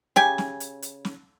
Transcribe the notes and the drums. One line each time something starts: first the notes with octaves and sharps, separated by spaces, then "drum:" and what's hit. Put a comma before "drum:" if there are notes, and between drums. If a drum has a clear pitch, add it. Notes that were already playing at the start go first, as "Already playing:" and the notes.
C#3 G4 G#5, drum: snare
drum: snare
drum: hi-hat
drum: hi-hat
drum: snare